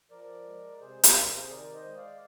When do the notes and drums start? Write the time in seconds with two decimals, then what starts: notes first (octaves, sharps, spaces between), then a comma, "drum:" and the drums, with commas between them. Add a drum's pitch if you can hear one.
0.10 F3 A#4 D5
0.45 G#3
0.80 C3 G#4 C5
1.04 G4 A#4, drum: hi-hat
1.15 C3
1.27 G#4 C5
1.50 D#3 A#4 D5
1.74 C5 D#5
1.86 G#3
1.96 D5 F5